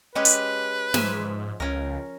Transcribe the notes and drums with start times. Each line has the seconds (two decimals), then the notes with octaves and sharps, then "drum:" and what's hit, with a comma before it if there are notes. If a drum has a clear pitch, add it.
0.15 G#3 C#4 G4 B4
0.25 drum: hi-hat
0.94 G#2 F3 E5 G#5, drum: snare
1.60 C#2 C#4 A#4